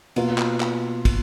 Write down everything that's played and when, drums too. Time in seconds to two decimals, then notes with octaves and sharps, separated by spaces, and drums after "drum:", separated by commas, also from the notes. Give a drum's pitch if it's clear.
0.16 B2 A#3 F4, drum: cymbal
0.38 drum: clap
0.60 drum: clap
1.05 drum: kick, cymbal